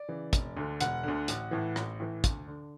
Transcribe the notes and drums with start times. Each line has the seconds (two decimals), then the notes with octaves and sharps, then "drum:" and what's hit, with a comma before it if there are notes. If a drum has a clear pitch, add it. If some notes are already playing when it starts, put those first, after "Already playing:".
Already playing: D5
0.08 C#3 E3
0.33 E1, drum: kick, hi-hat
0.57 D2 D3
0.80 E1 F#5, drum: hi-hat
1.03 D2 D3
1.28 A1, drum: hi-hat
1.51 A2 E3
1.76 A1, drum: rim click
2.00 A2 E3
2.24 D2, drum: kick, hi-hat
2.47 D3